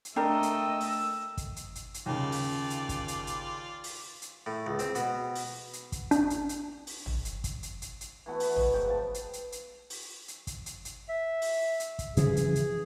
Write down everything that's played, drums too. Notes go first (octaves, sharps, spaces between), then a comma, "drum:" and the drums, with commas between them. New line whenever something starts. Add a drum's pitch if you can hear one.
drum: hi-hat
A3 D4 A#4 D#5 G5 E6
drum: hi-hat
drum: open hi-hat
drum: kick, hi-hat
drum: hi-hat
drum: hi-hat
drum: hi-hat
D#2 C#3 F4 D5
drum: open hi-hat
drum: hi-hat
drum: kick, hi-hat
drum: hi-hat
drum: hi-hat
drum: open hi-hat
drum: hi-hat
A2
C#2
C4, drum: hi-hat
B2, drum: hi-hat
drum: open hi-hat
drum: hi-hat
drum: kick, hi-hat
D4, drum: hi-hat
drum: hi-hat
drum: hi-hat
drum: open hi-hat
drum: tom
drum: hi-hat
drum: kick, hi-hat
drum: hi-hat
drum: hi-hat
drum: hi-hat
E3 A3 B3 F#4
B3, drum: open hi-hat
B4 D#5, drum: tom
G#2 G5
F3 A5
drum: hi-hat
drum: hi-hat
drum: hi-hat
drum: open hi-hat
drum: hi-hat
drum: kick, hi-hat
drum: hi-hat
drum: hi-hat
E5
drum: open hi-hat
drum: hi-hat
drum: kick, hi-hat
C#3 E3 F3 G#4, drum: hi-hat
drum: hi-hat
drum: hi-hat